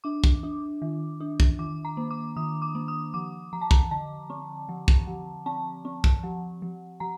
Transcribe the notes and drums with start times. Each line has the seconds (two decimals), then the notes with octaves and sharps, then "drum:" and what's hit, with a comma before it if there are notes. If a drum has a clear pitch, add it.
0.04 D4 D6
0.24 drum: kick
0.43 D4
0.82 D#3
1.20 D4
1.40 drum: kick
1.59 D#3 D6
1.85 A#5
1.97 A#3
2.11 D6
2.36 D#3 D#6
2.62 D6
2.75 A#3
2.88 D#6
3.14 F3 D6
3.53 F3 A#5
3.61 A5
3.71 A#5, drum: kick
3.91 D3 A5
4.30 C4
4.69 F3
4.88 drum: kick
5.07 F3
5.46 C4 A5
5.85 C4
6.04 drum: kick
6.23 F3
6.62 F3
7.00 F3 A#5